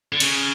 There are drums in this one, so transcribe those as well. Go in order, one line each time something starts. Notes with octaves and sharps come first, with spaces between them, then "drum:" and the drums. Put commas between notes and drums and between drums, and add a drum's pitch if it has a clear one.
D3
C#3, drum: cymbal